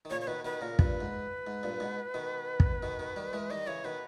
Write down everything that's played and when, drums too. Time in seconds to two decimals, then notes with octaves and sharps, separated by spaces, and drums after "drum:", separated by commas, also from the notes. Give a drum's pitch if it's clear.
0.05 D#3
0.10 A#2 C#3 C#5
0.21 C#5
0.27 B2 D#3 B4
0.44 B2 D#3 B4
0.61 A#2 C#3 A#4
0.79 G2 A#2 B4, drum: kick
1.00 G#2
1.47 G#2
1.63 G2 A#2
1.80 G#2 B2
2.14 B2 D#3
2.60 drum: kick
2.83 B2 D#3
2.99 B2 D#3
3.16 D#3 G3
3.33 E3 G#3
3.50 D#3 G3 D#5
3.67 C#3 E3 C#5
3.84 B2 D#3 B4